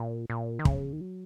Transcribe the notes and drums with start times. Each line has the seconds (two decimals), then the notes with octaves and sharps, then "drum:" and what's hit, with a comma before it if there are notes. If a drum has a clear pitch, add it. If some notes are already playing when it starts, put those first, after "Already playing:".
Already playing: A#2
0.30 A#2
0.59 D#3
0.65 C#3, drum: kick
0.93 D#3
1.01 F#3